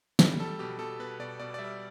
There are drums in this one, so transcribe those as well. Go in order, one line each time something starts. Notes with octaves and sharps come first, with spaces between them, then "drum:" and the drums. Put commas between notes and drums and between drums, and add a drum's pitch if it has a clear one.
G3 A4, drum: snare
G3 A4
B2 G4
B2 A4
B2 B4
B2 D5
B2 D5
D5
G3 E5